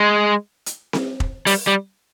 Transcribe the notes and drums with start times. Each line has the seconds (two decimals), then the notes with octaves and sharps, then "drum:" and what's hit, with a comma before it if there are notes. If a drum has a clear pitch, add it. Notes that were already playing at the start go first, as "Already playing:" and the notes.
Already playing: G#3
0.66 drum: hi-hat
0.93 drum: snare C4
1.20 drum: kick
1.47 G3, drum: open hi-hat
1.67 G3